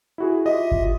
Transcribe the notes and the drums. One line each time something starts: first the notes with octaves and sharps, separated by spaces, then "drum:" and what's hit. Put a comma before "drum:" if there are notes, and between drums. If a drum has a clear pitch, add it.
E4 F#4 G#4
F4 G4 D#5 E5
drum: kick G1